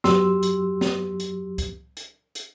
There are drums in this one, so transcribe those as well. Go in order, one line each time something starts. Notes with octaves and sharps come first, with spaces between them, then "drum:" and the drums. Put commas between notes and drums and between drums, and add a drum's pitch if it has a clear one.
F#2 F#3 G4 C6 E6, drum: snare
drum: hi-hat
drum: snare
drum: hi-hat
drum: kick C#2, hi-hat
drum: hi-hat
drum: hi-hat